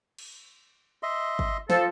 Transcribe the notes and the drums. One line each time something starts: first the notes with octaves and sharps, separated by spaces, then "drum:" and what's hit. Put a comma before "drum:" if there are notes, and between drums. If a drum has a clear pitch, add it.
drum: cymbal
D#5 E5 C6
drum: kick
F3 A4, drum: snare